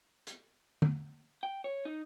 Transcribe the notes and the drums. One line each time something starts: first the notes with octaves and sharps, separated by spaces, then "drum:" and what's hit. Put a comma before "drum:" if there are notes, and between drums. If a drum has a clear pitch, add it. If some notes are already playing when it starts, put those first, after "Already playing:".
drum: hi-hat
drum: tom
G5
C#5
D#4